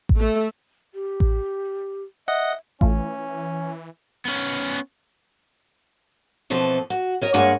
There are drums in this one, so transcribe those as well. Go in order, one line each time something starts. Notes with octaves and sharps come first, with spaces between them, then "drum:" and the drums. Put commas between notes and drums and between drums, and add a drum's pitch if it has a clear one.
drum: kick A1
A3
G4
drum: kick A1
D#5 E5 F#5
E3 A3 C#4 F4, drum: kick A1
B3 C#4
B2 E3 F3 C4 A4
F#4
A#4 C#5 D#5
G2 G#3 A#3 C#5 F#5 G#5, drum: hi-hat